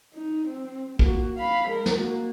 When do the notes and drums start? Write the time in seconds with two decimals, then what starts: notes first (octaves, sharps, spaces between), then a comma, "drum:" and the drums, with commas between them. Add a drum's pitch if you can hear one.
0.14 D#4
0.48 C4
0.99 A#3 F#4, drum: kick
1.38 F5 B5
1.68 G#3 A#4
1.86 drum: snare
1.99 A#3 F#4